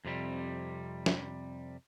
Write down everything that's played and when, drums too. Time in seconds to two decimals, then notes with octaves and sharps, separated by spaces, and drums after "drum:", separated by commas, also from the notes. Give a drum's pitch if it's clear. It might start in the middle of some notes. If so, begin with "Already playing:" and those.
0.05 F2 C3 G3
1.06 drum: snare